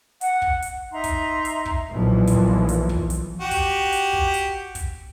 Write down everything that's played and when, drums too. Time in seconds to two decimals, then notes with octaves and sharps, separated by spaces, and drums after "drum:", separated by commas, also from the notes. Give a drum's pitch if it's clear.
0.21 F#5, drum: hi-hat
0.42 drum: kick
0.62 drum: hi-hat
0.92 D#4 E5 A#5 C6
1.04 drum: kick, hi-hat
1.45 drum: hi-hat
1.66 drum: kick
1.91 B1 A#2 E3 F3
2.27 drum: kick, hi-hat
2.69 drum: hi-hat
2.89 drum: kick
3.10 drum: hi-hat
3.41 F#4 G4
3.51 drum: kick, hi-hat
3.92 drum: hi-hat
4.13 drum: kick
4.34 drum: hi-hat
4.75 drum: kick, hi-hat